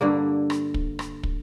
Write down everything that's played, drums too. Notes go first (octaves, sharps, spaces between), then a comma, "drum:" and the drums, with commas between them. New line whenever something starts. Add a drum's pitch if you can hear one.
G2 D3 A#3
drum: rim click
drum: kick
drum: rim click
drum: kick